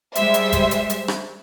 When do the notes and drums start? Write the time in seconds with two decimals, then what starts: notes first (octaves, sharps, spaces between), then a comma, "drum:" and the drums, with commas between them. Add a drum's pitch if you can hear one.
0.15 G3 G#3 C5 E5, drum: hi-hat
0.34 drum: hi-hat
0.53 drum: kick G1, hi-hat
0.71 drum: hi-hat
0.90 drum: hi-hat
1.08 drum: rim click